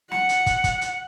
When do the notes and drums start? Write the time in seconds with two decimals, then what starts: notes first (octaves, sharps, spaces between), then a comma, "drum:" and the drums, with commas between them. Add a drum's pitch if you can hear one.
0.11 F#5 C#7, drum: snare
0.29 drum: hi-hat
0.46 drum: kick, hi-hat
0.64 drum: kick, hi-hat
0.81 drum: hi-hat